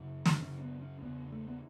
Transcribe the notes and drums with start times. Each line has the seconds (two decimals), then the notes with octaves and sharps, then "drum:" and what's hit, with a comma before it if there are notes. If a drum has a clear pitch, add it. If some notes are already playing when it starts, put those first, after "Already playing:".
Already playing: F#2 C#3
0.25 drum: snare
0.41 F#2 C#3 C#4
0.62 B3
0.81 C#4
1.02 E2 C#3 B3
1.32 A3
1.48 B3